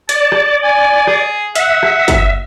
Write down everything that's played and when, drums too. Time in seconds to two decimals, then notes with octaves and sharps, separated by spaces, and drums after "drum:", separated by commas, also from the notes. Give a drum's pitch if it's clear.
0.09 D5 A5, drum: hi-hat
0.32 drum: rim click
0.63 G#5
1.07 G#4, drum: rim click
1.56 E5 F#5, drum: hi-hat
1.83 drum: rim click
2.08 drum: kick, hi-hat